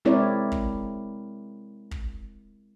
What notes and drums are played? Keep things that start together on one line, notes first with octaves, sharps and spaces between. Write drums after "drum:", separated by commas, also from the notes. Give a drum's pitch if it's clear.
G#3 C4 E4 A#4 C#5 D5
drum: kick
drum: kick